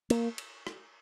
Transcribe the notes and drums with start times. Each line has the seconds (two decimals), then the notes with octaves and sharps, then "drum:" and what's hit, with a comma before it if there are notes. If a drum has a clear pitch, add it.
0.10 A#3, drum: cymbal
0.38 drum: cymbal
0.67 drum: rim click